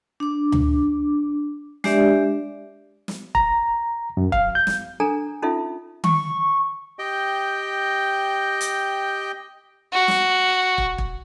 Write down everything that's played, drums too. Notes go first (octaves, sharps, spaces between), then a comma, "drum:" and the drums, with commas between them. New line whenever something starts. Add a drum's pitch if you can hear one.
D4 D6
drum: tom D2
G#3 D4 G4 D5 E5, drum: snare
drum: snare
A#5, drum: kick
F#2
F5, drum: kick
G6
drum: snare
D4 A4 G#5 A#5
C#4 D#4 F4 A4 E5
C#6, drum: tom D#3
G4 D#5 G5
drum: hi-hat
F#4
drum: snare
drum: kick
drum: kick